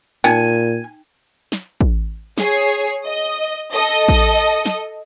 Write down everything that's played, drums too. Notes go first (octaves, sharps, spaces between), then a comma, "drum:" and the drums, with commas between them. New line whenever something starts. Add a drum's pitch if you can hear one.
A#2 D#4 G5 G#5
drum: snare
drum: kick
G#4 C#5 C7, drum: snare
D#5
A4 D#5
drum: kick
drum: snare